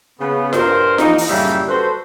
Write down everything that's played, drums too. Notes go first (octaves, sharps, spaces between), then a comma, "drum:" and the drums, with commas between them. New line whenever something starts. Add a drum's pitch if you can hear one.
C#3 B3
G2 A#4 C5, drum: snare F4
E3 F3 A#3 D#4, drum: snare F4
drum: open hi-hat
F#2 A2 C#3 G3 A#3 E5
F#4 A4 B4 C5